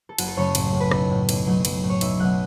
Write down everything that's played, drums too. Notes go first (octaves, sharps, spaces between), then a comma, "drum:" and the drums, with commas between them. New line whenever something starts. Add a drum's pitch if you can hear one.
A4
F#1 F#4, drum: cymbal
A4
F#2 C#3 A3 C#5
A1, drum: cymbal
A2 A3
B4
B1 A4, drum: rim click
A2 A3
B1, drum: cymbal
B2 F#3 A3
B1, drum: cymbal
A2 A3
C#5
B1 E5, drum: cymbal
B2 F#3 A3 F#5